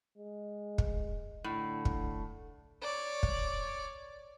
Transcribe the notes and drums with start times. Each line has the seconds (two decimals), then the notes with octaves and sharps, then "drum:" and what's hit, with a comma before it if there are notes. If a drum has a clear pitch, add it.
0.17 G#3
0.78 drum: kick
1.44 A2 D3
1.85 drum: kick
2.82 C#5 D5
3.23 drum: kick